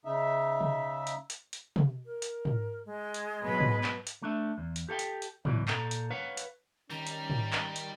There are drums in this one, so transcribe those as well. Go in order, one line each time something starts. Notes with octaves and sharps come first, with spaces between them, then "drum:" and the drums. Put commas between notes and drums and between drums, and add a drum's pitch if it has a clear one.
C#3 D#4 E5
drum: tom
drum: hi-hat
drum: hi-hat
drum: hi-hat
drum: tom
A#4
drum: hi-hat
drum: tom
G#3
drum: hi-hat
B2 F#3 B4
drum: tom
drum: clap
drum: hi-hat
A3 D4 E5
E2
drum: hi-hat
G4 A4 F5 G5
drum: hi-hat
drum: hi-hat
C#2 F#2 B2 E3 D5, drum: tom
A#2 A4 A#5, drum: clap
drum: hi-hat
B4 C#5 F5 F#5
drum: hi-hat
D#3 G3 C#4 A#5
drum: hi-hat
drum: tom
drum: clap
drum: hi-hat